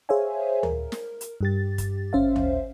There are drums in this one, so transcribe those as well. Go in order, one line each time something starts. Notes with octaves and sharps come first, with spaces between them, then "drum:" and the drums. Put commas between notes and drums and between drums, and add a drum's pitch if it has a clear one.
G#4 C5 C#5 E5 F5 G#5
A#4, drum: tom D2
drum: snare
drum: hi-hat
G2 G4 A6
drum: kick, hi-hat
G#1 C#4 C5 E5 F5
drum: tom D2